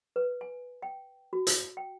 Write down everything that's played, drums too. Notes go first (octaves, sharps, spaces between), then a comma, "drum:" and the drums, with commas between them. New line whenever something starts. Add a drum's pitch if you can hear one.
B4
G#5
G5
F#4
drum: hi-hat
G5